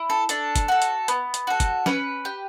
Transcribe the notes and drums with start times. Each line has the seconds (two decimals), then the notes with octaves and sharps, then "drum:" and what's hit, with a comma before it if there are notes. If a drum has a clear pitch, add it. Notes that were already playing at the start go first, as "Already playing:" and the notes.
Already playing: E4
0.10 A4
0.29 D4 A4, drum: hi-hat
0.56 drum: kick, hi-hat
0.68 F#4 A4
0.82 drum: hi-hat
1.08 B3, drum: hi-hat
1.34 drum: hi-hat
1.47 F#4 A4
1.60 drum: kick, hi-hat
1.86 C#4 B4, drum: snare
2.25 G4